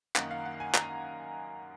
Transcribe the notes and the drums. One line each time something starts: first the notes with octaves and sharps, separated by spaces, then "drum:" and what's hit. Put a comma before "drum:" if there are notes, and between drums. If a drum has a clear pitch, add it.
F#2 D#3 A#3 D#4 F#5, drum: clap
F5
F#5
G#5
A#5, drum: clap